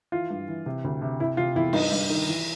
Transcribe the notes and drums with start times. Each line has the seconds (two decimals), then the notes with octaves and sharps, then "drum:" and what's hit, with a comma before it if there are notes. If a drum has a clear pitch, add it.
0.12 E3 F4
0.30 G2
0.48 E3
0.66 C3
0.84 D2
1.02 C3
1.20 C3 E4
1.37 C3 F4
1.55 E2 E4
1.73 G2 D#4, drum: cymbal
1.92 G2
2.10 D#3
2.27 E3